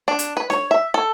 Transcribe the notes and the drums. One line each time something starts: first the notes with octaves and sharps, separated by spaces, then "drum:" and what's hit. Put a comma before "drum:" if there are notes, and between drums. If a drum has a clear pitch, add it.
D4
drum: hi-hat
B4
C#5, drum: snare
E5
A4